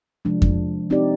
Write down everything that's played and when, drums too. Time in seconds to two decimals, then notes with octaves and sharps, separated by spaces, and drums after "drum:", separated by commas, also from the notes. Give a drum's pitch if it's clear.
0.25 C3 F3 G#3 D4
0.42 drum: kick F2
0.90 C4 D#4 G4 D5